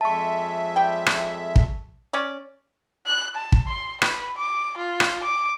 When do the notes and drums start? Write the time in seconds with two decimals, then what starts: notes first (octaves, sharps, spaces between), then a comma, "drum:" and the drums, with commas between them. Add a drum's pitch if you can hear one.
0.01 F2 G#3 E5 A5 C#6
0.76 G3 G5
1.06 drum: rim click
1.56 drum: kick
2.13 C#4 C#5 D5
3.06 F#6
3.35 A5
3.52 drum: kick
3.68 C6
4.02 B4, drum: rim click
4.38 D6
4.77 F4
5.00 drum: rim click
5.23 D6